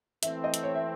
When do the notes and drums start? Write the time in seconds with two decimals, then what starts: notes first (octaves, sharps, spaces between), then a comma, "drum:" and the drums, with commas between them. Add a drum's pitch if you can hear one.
0.23 E3 A3 C4 E5, drum: hi-hat
0.44 D#5
0.54 drum: hi-hat
0.63 C#5
0.75 E5